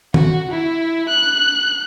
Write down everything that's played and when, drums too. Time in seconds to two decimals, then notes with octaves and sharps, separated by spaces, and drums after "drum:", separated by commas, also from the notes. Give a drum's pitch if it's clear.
0.14 F#4, drum: tom
0.51 E4
1.09 F#6